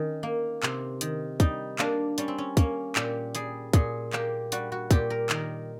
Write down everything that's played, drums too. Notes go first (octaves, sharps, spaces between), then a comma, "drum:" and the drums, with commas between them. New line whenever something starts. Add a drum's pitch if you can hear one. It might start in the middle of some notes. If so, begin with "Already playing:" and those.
Already playing: D#3 C#4
A#3
C3, drum: clap
D#3, drum: hi-hat
G3 D#4, drum: kick, hi-hat
A#3 D4, drum: clap
G3 C#4, drum: hi-hat
C4
C#4
A#3 C#4, drum: kick, hi-hat
A#2 G4, drum: clap
G3 G#4, drum: hi-hat
A#2 G#4, drum: kick, hi-hat
A#3 G4, drum: clap
G3 F#4, drum: hi-hat
F#4
A#2 G4, drum: kick, hi-hat
A#4
D#3 A#4, drum: clap